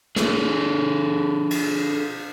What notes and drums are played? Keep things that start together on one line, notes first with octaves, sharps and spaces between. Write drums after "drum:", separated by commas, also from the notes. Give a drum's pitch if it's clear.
D4 G#4 A4, drum: snare
drum: cymbal